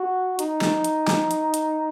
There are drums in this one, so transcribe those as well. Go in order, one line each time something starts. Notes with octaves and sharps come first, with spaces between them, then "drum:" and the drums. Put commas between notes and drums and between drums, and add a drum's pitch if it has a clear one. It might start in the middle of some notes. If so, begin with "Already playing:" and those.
Already playing: F#4
D#4, drum: hi-hat
drum: snare
drum: hi-hat
drum: snare
drum: hi-hat
drum: hi-hat